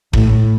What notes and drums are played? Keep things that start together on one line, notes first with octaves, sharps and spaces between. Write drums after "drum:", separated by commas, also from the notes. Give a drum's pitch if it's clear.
A2, drum: kick